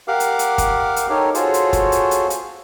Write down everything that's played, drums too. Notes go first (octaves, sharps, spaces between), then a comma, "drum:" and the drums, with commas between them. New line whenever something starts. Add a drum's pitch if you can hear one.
G4 A#4 F5 F#5 D6
drum: hi-hat
drum: hi-hat
drum: kick, hi-hat
drum: hi-hat
D#4 G4 A4 A#4 C#5
F4 F#4 G#4 A4 C5 C#5, drum: hi-hat
drum: hi-hat
drum: kick, hi-hat
drum: hi-hat
drum: hi-hat
drum: hi-hat